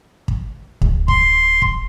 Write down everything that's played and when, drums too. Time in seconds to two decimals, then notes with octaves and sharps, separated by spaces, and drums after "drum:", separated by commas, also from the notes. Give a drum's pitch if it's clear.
0.28 drum: kick
0.82 D1, drum: kick
1.08 C6, drum: kick
1.62 drum: kick